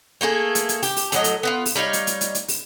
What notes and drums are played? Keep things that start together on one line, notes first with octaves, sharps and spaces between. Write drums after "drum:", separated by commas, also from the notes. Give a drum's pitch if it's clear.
A3 A#3 F#4 G#4
drum: hi-hat
drum: hi-hat
G4, drum: open hi-hat
drum: open hi-hat
A2 F#3 D#5, drum: hi-hat
drum: hi-hat
B3 D#4 F4
drum: open hi-hat
G3 D#4 C#5 F5
drum: hi-hat
drum: hi-hat
drum: hi-hat
drum: hi-hat
drum: open hi-hat